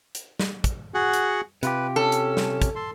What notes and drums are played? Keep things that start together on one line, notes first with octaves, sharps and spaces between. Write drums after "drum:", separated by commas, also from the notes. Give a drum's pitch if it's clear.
drum: hi-hat
drum: snare
drum: kick, hi-hat
F#4 G#4 F#5
drum: hi-hat
C3 F4 G4 B4, drum: hi-hat
C#4 A4
drum: hi-hat
drum: snare
drum: kick, hi-hat
A4 C6